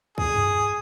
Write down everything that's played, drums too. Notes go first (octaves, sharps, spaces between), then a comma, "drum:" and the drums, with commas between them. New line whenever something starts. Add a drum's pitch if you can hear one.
G#4, drum: kick
drum: tom F#2